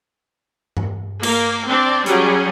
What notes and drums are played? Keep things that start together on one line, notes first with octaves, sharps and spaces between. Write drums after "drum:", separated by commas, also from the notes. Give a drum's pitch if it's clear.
drum: tom G2
A#3, drum: cymbal
C4 D4 D5
F#3 G3 C#4 G#4, drum: hi-hat